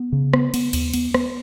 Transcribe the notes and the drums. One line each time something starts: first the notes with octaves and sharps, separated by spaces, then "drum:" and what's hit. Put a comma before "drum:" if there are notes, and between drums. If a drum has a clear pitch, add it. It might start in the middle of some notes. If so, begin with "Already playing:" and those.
Already playing: B3
C#3
B3, drum: rim click
B3, drum: cymbal
D#2, drum: cymbal
B3, drum: cymbal
B3, drum: rim click